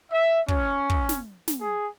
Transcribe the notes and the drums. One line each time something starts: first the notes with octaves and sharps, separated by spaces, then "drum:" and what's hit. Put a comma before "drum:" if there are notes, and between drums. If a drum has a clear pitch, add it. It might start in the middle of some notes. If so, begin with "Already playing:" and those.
E5
C#4, drum: kick
drum: kick
drum: snare
drum: snare
G#4